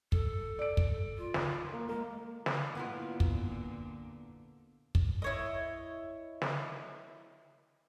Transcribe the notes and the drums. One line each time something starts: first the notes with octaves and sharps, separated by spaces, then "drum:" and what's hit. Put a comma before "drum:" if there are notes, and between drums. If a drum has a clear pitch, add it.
A4, drum: kick
D5 D7
drum: kick
F4
drum: snare
A#3
G#3 A#3
drum: snare
A#2 D3 B3 E4 F4
drum: kick
drum: kick
E4 C#5 D#5
drum: snare